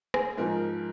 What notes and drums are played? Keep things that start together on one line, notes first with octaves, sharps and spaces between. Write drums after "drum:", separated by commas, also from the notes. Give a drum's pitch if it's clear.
G#4, drum: rim click
G#2 F3 A#4